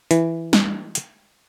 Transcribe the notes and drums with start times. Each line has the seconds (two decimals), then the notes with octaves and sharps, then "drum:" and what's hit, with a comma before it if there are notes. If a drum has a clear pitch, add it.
0.11 E3, drum: hi-hat
0.53 drum: snare
0.95 drum: hi-hat